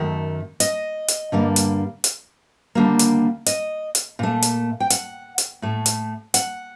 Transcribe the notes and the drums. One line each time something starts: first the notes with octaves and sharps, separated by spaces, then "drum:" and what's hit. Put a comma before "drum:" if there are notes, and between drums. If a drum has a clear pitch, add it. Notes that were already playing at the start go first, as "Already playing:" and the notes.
Already playing: F#2 D#3 A3
D#5, drum: hi-hat
drum: hi-hat
G2 D3 G3 A#3
drum: hi-hat
drum: hi-hat
D#2 D3 G3 A#3
drum: hi-hat
D#5, drum: hi-hat
drum: hi-hat
A#2 A3
drum: hi-hat
G5
F#5, drum: hi-hat
drum: hi-hat
A2 A3
drum: hi-hat
F#5, drum: hi-hat